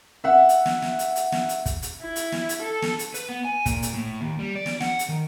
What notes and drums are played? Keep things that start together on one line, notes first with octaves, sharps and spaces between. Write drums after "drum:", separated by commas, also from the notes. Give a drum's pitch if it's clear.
E5 F#5
drum: hi-hat
drum: snare
drum: snare
drum: hi-hat
drum: hi-hat
drum: snare
drum: hi-hat
drum: kick, hi-hat
drum: hi-hat
E4
drum: hi-hat
drum: snare
drum: hi-hat
A4
drum: snare
drum: hi-hat
B4, drum: hi-hat
B3
G#5
A#2, drum: kick, hi-hat
drum: hi-hat
A2
D#2
G3
D5
drum: snare
F#5, drum: snare
drum: hi-hat
D#3